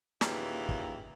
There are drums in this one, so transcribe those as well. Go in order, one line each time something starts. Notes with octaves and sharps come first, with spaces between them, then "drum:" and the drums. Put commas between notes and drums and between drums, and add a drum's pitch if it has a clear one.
D#2 A#2 C#3 E3, drum: snare
drum: kick